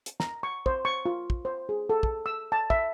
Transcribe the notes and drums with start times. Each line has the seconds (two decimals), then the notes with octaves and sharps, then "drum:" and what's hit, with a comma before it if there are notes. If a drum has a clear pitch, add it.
0.06 drum: hi-hat
0.20 A#5, drum: snare
0.43 C#6
0.66 C5, drum: kick
0.85 C#6
1.06 F4
1.30 drum: kick
1.45 C5
1.69 G#4
1.90 A4
2.03 drum: kick
2.26 E6
2.52 A5
2.70 E5, drum: kick